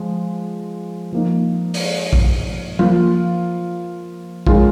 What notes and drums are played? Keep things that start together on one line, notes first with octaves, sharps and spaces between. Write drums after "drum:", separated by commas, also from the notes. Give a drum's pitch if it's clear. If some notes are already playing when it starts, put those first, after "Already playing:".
Already playing: F3 G#3
F3 A#3 D#4
drum: open hi-hat
drum: kick A#1
F3 A#3 F4, drum: tom F#3
D#3 G#3 C#4 F4, drum: kick A#1